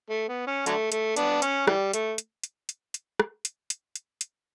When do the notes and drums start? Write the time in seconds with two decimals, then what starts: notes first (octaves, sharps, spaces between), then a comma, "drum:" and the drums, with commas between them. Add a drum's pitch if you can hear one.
0.10 A3
0.28 B3
0.47 C#4
0.66 D3 F#3 A3, drum: hi-hat
0.92 A3, drum: hi-hat
1.16 B3 D4, drum: hi-hat
1.42 C#4, drum: hi-hat
1.67 E3 G3, drum: rim click
1.93 A3, drum: hi-hat
2.18 drum: hi-hat
2.44 drum: hi-hat
2.69 drum: hi-hat
2.94 drum: hi-hat
3.20 drum: rim click
3.45 drum: hi-hat
3.70 drum: hi-hat
3.96 drum: hi-hat
4.21 drum: hi-hat